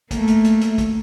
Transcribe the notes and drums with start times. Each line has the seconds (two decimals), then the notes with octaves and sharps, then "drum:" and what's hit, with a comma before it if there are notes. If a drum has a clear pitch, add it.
0.11 A3 A#3, drum: kick A1, hi-hat
0.28 drum: hi-hat
0.44 drum: hi-hat
0.61 drum: hi-hat
0.78 drum: kick A1, hi-hat